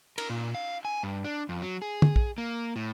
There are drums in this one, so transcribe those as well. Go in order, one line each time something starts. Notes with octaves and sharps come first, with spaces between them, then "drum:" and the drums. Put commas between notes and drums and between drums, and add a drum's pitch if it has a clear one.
A#4, drum: cymbal
A#2
F5
G#5
G2
D4
F2
F#3
G#4
drum: tom
drum: kick
A#3
A2